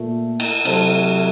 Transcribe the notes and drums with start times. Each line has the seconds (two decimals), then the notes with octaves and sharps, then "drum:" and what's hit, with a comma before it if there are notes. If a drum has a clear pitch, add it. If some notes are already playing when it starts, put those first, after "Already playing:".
Already playing: A#2 A3
0.40 drum: cymbal
0.65 C3 F#3 A3 A4 C5, drum: cymbal